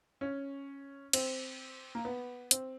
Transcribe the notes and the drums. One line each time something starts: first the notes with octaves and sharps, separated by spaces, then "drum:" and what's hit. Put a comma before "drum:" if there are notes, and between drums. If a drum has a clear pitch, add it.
C#4
C4, drum: cymbal
A#3
B3
C4, drum: hi-hat